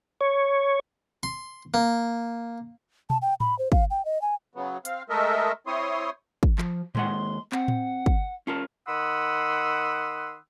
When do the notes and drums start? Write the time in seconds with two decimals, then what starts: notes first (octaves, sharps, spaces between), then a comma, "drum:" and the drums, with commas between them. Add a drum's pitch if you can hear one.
0.21 C#5
1.23 C6
1.74 A#3
3.10 A5, drum: tom B2
3.22 G5
3.40 B5, drum: tom A2
3.59 C5
3.72 F5, drum: kick
3.91 G5
4.05 D#5
4.22 G#5
4.55 C#3 F#3 B3
4.85 C4 F5, drum: hi-hat
5.09 G#3 A3 A4 A#4 D#5 E5
5.67 C4 E4 C#5 C6 D#6
6.43 drum: kick
6.58 F3, drum: clap
6.95 D#2 G#3 F#5 C6, drum: tom A2
7.52 C4 F#5, drum: clap
7.68 drum: tom A2
8.06 drum: kick
8.47 C#4 F4 A#4 A5
8.87 D#3 F#5 B5 C6 D#6 E6